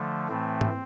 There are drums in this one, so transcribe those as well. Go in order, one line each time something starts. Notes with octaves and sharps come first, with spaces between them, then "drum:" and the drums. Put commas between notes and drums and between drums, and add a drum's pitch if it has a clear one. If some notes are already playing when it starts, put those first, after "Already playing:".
Already playing: D3 F3 A3
A2 E3 A3 C4
drum: tom G#2